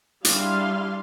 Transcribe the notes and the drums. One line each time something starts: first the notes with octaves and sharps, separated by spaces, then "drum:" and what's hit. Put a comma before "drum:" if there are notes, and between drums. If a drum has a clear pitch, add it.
G3 D4 E4 G#4 F5 C6, drum: hi-hat